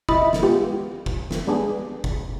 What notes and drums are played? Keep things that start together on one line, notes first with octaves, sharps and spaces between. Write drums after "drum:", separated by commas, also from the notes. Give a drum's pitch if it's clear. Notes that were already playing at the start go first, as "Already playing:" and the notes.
C3 E4 D#5 B5 A6, drum: kick F1
drum: snare
G#3 B3 F4 G4
drum: kick F1
drum: snare
G3 G#3 B3 D4 G#4
drum: kick F1